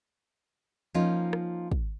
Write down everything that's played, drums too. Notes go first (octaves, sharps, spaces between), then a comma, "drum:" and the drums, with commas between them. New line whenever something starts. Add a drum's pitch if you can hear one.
F3 A#3 C#4 D#4 F4
drum: rim click
drum: kick